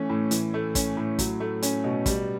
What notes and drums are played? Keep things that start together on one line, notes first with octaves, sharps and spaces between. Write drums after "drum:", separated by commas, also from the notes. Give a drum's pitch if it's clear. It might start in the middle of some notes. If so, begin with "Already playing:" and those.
Already playing: E3 A3 C#4
A2
E3, drum: hi-hat
A3
C#4, drum: kick, hi-hat
A2
F#3, drum: kick, hi-hat
A3
C#4, drum: hi-hat
B2
G3, drum: kick, hi-hat